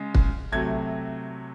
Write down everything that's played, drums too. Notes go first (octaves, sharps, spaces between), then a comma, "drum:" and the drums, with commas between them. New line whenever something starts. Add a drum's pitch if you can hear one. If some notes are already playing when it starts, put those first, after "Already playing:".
Already playing: C#3 G#3
drum: kick
C3 F#3 A3 G#6